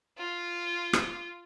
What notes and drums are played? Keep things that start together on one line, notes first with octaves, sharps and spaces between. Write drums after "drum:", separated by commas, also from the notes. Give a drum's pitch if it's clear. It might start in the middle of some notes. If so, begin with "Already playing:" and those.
F4
drum: rim click